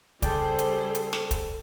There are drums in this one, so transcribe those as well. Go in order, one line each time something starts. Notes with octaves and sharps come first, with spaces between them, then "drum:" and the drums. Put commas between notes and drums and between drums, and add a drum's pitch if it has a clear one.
C#3 G3 G#4 A4 C5 D5 G5 A5, drum: kick, hi-hat
drum: hi-hat
drum: hi-hat
drum: snare
drum: kick, hi-hat